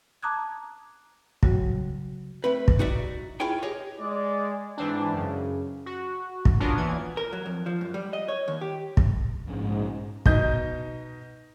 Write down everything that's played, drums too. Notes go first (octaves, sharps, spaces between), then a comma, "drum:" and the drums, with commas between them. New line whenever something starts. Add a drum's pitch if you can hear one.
A5 A#5 D6 D#6 F#6 G#6
C#3 F#3 G3 F#4, drum: kick
A3 C4 B4
drum: kick
D#4 F#4 D5 E5
E4 F4 G#4 C#5 G5 G#5
G4 G#4 C#5 D#5
G#3 D5
G#2 E3 C4 D4
F#2 C#3
F#4
drum: kick
B3 C#4 D4 F4 F#4 A#4
A#2 E3 G#6
A#4
F#3
F2
F3
F#2
G3
D#5
C#5
D#2
G4
drum: kick
A#1 G#2 C#3
B2 D#4 D#5 G6, drum: kick